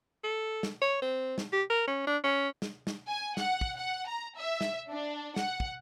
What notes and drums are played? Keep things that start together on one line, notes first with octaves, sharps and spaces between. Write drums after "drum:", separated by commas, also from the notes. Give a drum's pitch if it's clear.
A4
drum: snare
C#5
C4
drum: snare
G4
A#4
C#4
D4
C#4
drum: snare
drum: snare
G#5
F#5, drum: snare
drum: kick
F#5
A#5
E5
drum: snare
D4
F#5, drum: snare
drum: kick